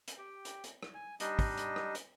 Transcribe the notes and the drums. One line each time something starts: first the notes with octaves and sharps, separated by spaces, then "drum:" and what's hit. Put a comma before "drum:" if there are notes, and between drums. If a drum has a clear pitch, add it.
drum: hi-hat
G4 G5
drum: hi-hat
drum: hi-hat
drum: rim click
G#5
G3 D4 D#4 D#5, drum: hi-hat
drum: kick, open hi-hat
drum: hi-hat
drum: rim click
drum: hi-hat